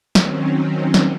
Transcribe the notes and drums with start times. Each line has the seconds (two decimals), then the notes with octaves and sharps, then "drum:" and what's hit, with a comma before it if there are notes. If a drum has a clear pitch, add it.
0.15 D#3 F#3 C4 C#4, drum: snare
0.94 drum: snare